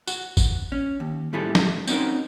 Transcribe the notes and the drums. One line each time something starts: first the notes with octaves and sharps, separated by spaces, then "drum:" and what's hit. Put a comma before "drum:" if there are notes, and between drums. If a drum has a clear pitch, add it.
F#4, drum: tambourine
drum: kick, tambourine
C#4
D#2
A2 G3 E4 G#4 A4
drum: snare
C4 C#4 D#4 F#4 A#4, drum: tambourine